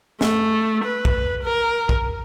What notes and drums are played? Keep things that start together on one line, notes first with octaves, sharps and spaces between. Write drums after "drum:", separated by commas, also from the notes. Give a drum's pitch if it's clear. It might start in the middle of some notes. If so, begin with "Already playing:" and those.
A3, drum: snare
B4
drum: kick
A#4
drum: kick